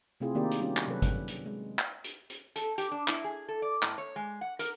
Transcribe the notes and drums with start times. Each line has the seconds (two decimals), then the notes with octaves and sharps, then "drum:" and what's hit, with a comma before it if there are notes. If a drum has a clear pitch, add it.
0.20 C3 A3 C4 E4 F4 G#4
0.35 D#3 A#3 C4 D#4 G4 D5
0.51 drum: hi-hat
0.60 G3 C#4 F#4 G4
0.77 drum: clap
0.87 C3 F#3 A4 B4
1.02 drum: kick, hi-hat
1.28 drum: hi-hat
1.46 G#3
1.79 drum: clap
2.04 drum: hi-hat
2.30 drum: hi-hat
2.56 A4, drum: hi-hat
2.78 G4, drum: hi-hat
2.91 D4
3.08 E4, drum: clap
3.24 G#4
3.48 A4
3.62 D5
3.83 A2, drum: clap
3.98 C#5
4.16 G#3
4.41 F#5
4.59 A#4, drum: hi-hat